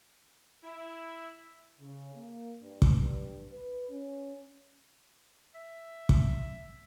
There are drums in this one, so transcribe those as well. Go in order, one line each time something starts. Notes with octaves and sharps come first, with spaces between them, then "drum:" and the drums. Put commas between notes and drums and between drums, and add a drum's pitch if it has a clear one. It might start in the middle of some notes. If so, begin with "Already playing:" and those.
E4
C#3
A#3
G2
drum: kick
G2
B4
C#4
E5
drum: kick